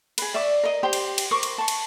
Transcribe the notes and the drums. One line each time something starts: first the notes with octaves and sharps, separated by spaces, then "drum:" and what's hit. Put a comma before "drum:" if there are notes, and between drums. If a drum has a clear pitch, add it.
G#4 B4, drum: cymbal
D5 E5 C#6 D6
A#4 D#5
G4 C5 G5 C6
drum: cymbal
drum: cymbal
A#4 C5 C#6 D6
drum: cymbal
A5 C#6
drum: cymbal